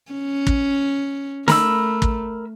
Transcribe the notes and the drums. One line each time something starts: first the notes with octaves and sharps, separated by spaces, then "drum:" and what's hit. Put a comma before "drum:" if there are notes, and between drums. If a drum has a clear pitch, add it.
C#4
drum: kick
A3 A#4 B5 E6, drum: snare
drum: kick